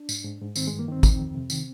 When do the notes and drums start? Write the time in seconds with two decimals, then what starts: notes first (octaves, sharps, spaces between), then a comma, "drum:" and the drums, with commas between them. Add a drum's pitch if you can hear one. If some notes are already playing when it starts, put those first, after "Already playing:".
Already playing: D4
0.09 G#2, drum: tambourine
0.24 G#2
0.41 G#2
0.56 D#3 C4, drum: tambourine
0.67 G2 G#3
0.79 A#3
0.88 D#3 C4
1.03 D#3, drum: kick, tambourine
1.19 F2
1.35 C3
1.50 D#3, drum: tambourine